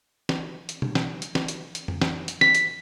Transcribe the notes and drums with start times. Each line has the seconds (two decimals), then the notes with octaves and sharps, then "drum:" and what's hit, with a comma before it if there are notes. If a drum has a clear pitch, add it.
0.29 drum: snare
0.69 drum: hi-hat
0.82 drum: tom B2
0.95 drum: snare
1.22 drum: hi-hat
1.35 drum: snare
1.48 drum: hi-hat
1.75 drum: hi-hat
1.88 drum: tom F2
2.02 drum: snare
2.28 drum: hi-hat
2.41 B6, drum: snare
2.55 drum: hi-hat